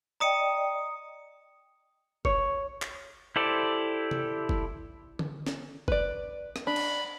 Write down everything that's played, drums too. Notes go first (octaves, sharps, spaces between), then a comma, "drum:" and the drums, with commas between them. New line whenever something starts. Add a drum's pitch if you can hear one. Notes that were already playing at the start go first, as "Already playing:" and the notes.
D5 D#5 G5 A#5 D#6 C#7
C#5, drum: kick
drum: clap
E4 G4 A4 C5 D5
drum: tom C3
drum: kick
drum: tom D3
drum: snare
B4 D5, drum: kick
drum: rim click
D4 B5
drum: cymbal